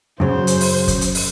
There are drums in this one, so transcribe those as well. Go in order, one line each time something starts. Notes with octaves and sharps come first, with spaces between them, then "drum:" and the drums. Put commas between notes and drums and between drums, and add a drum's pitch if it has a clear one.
F#2 C#3 F#3 C5
drum: hi-hat
drum: open hi-hat
drum: kick F#1, hi-hat
drum: hi-hat
drum: open hi-hat